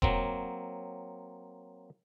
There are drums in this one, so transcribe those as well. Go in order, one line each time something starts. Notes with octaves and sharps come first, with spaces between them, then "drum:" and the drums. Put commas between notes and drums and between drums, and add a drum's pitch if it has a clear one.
F#3 A#3 C4, drum: kick E1